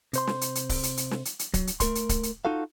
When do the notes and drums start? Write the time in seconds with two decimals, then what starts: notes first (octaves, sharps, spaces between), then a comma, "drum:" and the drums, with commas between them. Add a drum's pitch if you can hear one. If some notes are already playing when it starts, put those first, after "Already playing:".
0.13 C3 C5 C6, drum: hi-hat
0.27 drum: snare
0.41 drum: hi-hat
0.55 drum: hi-hat
0.69 drum: kick C#1, open hi-hat
0.83 drum: hi-hat
0.97 drum: hi-hat
1.11 drum: snare
1.25 drum: hi-hat
1.39 drum: hi-hat
1.54 F#3, drum: kick C#1, hi-hat
1.67 drum: hi-hat
1.80 A3 A#4 C6, drum: kick C#1, hi-hat
1.95 drum: hi-hat
2.09 drum: kick C#1, hi-hat
2.23 drum: hi-hat
2.45 D#4 F4 F#4 A4 F5